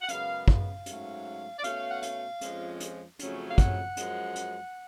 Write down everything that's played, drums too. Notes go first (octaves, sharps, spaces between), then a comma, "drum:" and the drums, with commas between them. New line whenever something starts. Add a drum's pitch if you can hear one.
F#5
F#2 C#3 G#3 B3 F5, drum: hi-hat
F5, drum: kick
G#2 F#3 A3 C#4, drum: hi-hat
D5
B2 A3 C#4 F5, drum: hi-hat
F#5
F5, drum: hi-hat
F2 F3 G#3 C#4, drum: hi-hat
drum: hi-hat
F2 C#3 F#3 A3 C#4, drum: hi-hat
F5
F#5, drum: kick, hi-hat
F#2 F3 G#3, drum: hi-hat
drum: hi-hat